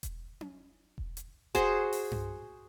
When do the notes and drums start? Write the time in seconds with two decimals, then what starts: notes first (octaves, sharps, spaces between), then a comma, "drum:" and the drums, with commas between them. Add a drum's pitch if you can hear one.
0.03 drum: kick E1, hi-hat
0.41 drum: tom C#4
0.98 drum: kick E1
1.17 drum: hi-hat
1.55 F#4 G#4 C5, drum: kick E1, hi-hat
1.93 drum: open hi-hat
2.12 drum: tom G2